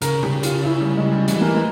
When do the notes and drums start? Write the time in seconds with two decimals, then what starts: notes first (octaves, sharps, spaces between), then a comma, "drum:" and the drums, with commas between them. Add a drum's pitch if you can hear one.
0.02 C#3 A#4, drum: hi-hat
0.23 G4, drum: tom
0.43 F4, drum: hi-hat
0.65 E4
0.81 G3
0.96 G#3
1.12 G3
1.28 E3 G#3, drum: hi-hat
1.41 A#3
1.55 G#3